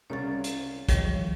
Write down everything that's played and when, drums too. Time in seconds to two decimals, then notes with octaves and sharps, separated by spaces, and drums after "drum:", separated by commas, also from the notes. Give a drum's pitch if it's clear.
0.10 C2 C#3 C#5 C#6 A6
0.44 drum: hi-hat
0.88 D#3 F3 G3 C#5, drum: kick, hi-hat